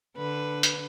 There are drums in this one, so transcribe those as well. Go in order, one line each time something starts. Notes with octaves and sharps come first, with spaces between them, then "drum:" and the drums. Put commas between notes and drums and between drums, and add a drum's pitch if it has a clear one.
D3 B4
drum: hi-hat